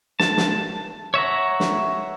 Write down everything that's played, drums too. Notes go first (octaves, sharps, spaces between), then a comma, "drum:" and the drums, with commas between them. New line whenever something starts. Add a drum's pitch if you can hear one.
A5, drum: snare
drum: snare
C#5 E5 F#5 A#5
drum: snare